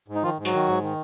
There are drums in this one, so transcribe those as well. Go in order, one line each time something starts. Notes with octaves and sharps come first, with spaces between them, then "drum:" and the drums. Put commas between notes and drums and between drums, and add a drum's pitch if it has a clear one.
G#2
D#4
D#3 F3 F4
G#2
F#3 F#4, drum: open hi-hat
D#3
G#2
D#3